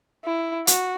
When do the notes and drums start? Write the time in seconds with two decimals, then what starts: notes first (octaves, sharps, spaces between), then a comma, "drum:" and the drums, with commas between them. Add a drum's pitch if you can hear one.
0.25 E4
0.67 F#4, drum: hi-hat